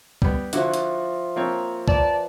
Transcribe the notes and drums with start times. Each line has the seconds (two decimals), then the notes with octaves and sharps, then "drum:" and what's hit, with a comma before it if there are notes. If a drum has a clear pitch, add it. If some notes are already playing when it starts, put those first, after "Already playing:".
0.22 G3 B3, drum: kick
0.53 D3 F3 E4 F#4 E5 D6, drum: hi-hat
0.74 drum: hi-hat
1.36 F3 A#3 C4 C#5
1.88 B4 D5 A5, drum: kick